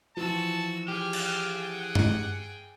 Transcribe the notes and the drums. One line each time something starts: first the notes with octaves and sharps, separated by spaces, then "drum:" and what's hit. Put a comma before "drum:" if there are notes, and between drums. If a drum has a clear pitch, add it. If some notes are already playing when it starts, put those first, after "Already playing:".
E3 F3 F#4 A5 E6
G4 G#4 G5 F6
drum: cymbal
F#5
drum: tom G2